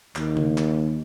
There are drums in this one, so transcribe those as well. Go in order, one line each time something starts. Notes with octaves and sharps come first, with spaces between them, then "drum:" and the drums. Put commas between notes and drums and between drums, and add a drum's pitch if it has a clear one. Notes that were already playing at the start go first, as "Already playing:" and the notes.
D#2, drum: clap
drum: tom C#3
drum: clap